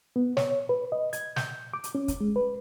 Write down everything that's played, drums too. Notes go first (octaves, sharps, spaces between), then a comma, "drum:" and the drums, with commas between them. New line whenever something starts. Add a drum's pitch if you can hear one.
B3
C#5, drum: snare
B4
D#5
G#6, drum: hi-hat
G6, drum: snare
D6
drum: hi-hat
C#4
drum: kick, hi-hat
G#3
B4